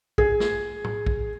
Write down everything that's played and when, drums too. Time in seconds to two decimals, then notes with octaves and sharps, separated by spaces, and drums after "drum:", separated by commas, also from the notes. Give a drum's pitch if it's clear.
0.18 G#4, drum: kick
0.40 drum: snare
0.84 drum: tom A2
1.06 drum: kick